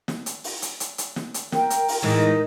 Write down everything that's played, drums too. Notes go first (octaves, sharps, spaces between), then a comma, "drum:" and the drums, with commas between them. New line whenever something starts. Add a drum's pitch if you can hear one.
drum: snare
drum: hi-hat
drum: open hi-hat
drum: hi-hat
drum: hi-hat
drum: hi-hat
drum: snare
drum: hi-hat
A#4 G5, drum: snare
drum: hi-hat
drum: open hi-hat
A2 E3 G#3 D#4 A#4